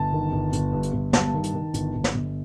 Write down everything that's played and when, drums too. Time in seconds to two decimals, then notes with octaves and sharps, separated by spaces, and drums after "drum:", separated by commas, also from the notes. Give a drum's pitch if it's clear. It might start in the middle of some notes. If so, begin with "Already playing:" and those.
Already playing: G1 A5
0.13 D#3
0.32 G1
0.53 G1, drum: hi-hat
0.73 G2
0.83 drum: hi-hat
0.93 G1
1.13 G2 A5, drum: snare
1.34 D#3
1.44 drum: hi-hat
1.54 D#3
1.74 G1, drum: hi-hat
1.95 G1
2.04 drum: snare
2.14 G1